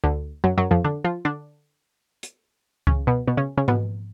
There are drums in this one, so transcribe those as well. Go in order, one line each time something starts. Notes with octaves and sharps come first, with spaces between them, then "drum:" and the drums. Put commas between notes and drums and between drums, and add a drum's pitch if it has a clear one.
D2 D3
F#2 F#3
F#2 F#3
F2 F3
D3 D4
F3 F4
D3 D4
drum: hi-hat
C#3 C#4, drum: kick C#2
B2 B3
B2 B3
C#3 C#4
C#3 C#4
B2 B3, drum: tom G#2